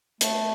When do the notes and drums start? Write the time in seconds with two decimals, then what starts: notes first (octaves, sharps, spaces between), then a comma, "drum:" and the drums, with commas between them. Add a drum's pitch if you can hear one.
0.21 A3, drum: hi-hat